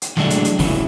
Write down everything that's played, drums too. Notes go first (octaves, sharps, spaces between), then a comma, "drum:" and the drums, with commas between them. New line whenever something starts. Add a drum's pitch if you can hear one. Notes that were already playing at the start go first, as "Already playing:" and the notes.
drum: hi-hat
E3 F#3 G#3 A3 D4, drum: snare
drum: hi-hat
drum: hi-hat
C#3 E3 F#3 E4, drum: kick, open hi-hat